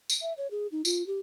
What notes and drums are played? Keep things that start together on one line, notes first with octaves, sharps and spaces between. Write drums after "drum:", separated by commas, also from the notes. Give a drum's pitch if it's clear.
drum: tambourine
E5
C#5
G#4
D#4
F4, drum: tambourine
G4